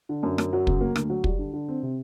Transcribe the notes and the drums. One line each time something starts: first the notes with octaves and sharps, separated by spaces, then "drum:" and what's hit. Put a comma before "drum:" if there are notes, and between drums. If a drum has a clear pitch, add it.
D3
F#2
F#2, drum: rim click
F#3
C#3, drum: kick
A#3
D2, drum: rim click
F#3
G3, drum: kick
D3
D3
C4
C3